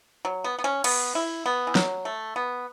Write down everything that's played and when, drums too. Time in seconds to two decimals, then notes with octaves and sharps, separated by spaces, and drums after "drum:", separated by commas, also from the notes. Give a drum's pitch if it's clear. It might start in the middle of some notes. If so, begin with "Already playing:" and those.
0.25 F#3
0.44 B3
0.59 B3
0.64 C#4
0.84 B3, drum: cymbal
1.15 E4
1.46 B3
1.67 E3
1.75 F#3, drum: snare
2.05 A3
2.36 B3